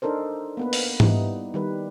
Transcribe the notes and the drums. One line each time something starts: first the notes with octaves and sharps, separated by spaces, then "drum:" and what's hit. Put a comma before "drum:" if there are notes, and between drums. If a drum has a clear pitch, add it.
D4 D#4 A4 A#4 C5
A#3 B3 B4
drum: open hi-hat
G3 B3 D#4 E4, drum: tom G#2
D#3 G3 B4